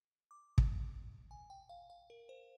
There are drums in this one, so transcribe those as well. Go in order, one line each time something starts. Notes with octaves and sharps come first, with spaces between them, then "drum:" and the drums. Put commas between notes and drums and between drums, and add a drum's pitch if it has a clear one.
D6
drum: kick
G#5
G5
F5
F5
A#4
C5